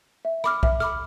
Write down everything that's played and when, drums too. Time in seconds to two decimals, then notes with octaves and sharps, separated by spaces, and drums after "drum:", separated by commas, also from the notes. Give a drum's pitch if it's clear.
0.25 E5
0.44 B5 D6 F6, drum: rim click
0.63 E5, drum: kick
0.80 B5 D6 F6, drum: rim click